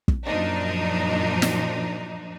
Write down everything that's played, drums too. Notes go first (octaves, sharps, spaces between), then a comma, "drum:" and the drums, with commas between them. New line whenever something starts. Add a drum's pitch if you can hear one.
drum: kick
F#2 A#2 F3 D4 D#4
drum: snare